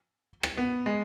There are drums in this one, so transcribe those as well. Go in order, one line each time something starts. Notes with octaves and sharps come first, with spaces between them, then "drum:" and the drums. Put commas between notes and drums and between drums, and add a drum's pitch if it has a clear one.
drum: rim click
B3
G#3